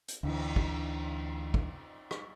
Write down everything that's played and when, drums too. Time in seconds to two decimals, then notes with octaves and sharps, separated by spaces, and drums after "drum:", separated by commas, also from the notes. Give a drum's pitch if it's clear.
0.08 drum: hi-hat
0.23 D2 D3 E3, drum: cymbal
0.56 drum: kick
1.54 drum: kick
2.11 drum: rim click